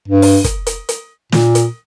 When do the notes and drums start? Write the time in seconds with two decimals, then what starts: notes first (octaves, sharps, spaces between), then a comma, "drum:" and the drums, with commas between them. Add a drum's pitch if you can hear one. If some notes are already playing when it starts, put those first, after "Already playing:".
0.08 G2
0.22 drum: open hi-hat
0.44 drum: kick, hi-hat
0.66 drum: hi-hat
0.89 drum: hi-hat
1.32 A#2, drum: snare
1.55 drum: hi-hat